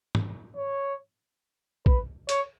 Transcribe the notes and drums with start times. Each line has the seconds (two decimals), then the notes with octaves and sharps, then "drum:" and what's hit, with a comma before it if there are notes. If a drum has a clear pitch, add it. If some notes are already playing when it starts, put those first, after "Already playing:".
0.15 drum: tom
0.57 C#5
1.86 B4, drum: kick
2.29 C#5, drum: hi-hat